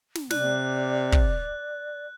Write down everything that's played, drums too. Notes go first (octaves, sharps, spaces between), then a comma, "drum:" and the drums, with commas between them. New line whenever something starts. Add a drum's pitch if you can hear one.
drum: snare
C3 D4 D5 F#6, drum: snare
drum: kick